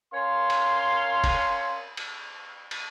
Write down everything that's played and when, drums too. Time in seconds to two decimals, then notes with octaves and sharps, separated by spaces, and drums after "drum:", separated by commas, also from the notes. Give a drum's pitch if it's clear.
0.13 C#4 A#4 C#5 F5 C6
0.50 drum: cymbal
1.24 drum: kick, cymbal
1.97 drum: cymbal
2.71 drum: cymbal